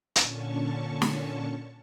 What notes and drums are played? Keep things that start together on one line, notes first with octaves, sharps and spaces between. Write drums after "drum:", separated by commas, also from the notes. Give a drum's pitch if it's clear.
A#2 D3 C#4 A5 C#6, drum: hi-hat
drum: snare